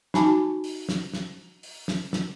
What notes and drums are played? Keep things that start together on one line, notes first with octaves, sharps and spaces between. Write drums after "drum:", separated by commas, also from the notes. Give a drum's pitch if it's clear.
D#4 F#4 G#5 A5 B5 D6, drum: snare
drum: open hi-hat
drum: snare
drum: snare
drum: open hi-hat
drum: snare
drum: snare